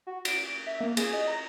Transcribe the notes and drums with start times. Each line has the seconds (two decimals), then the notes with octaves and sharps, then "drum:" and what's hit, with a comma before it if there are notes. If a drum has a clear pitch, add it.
0.07 F#4
0.25 D7, drum: cymbal
0.67 E5
0.81 A#3
0.97 G#4, drum: cymbal
1.13 D#5
1.28 A#5